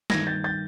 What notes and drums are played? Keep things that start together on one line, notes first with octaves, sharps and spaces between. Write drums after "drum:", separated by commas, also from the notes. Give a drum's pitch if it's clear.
G2 D#3 G#6 A#6, drum: snare
G6 A6
G6 A6